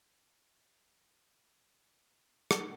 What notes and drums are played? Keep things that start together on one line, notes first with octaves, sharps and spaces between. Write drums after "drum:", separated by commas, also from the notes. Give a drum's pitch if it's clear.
G#6
drum: rim click